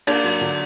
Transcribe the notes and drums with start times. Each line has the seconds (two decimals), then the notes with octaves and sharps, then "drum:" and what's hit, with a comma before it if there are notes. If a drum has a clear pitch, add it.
0.07 A#3 D4, drum: cymbal
0.24 F#3
0.41 D3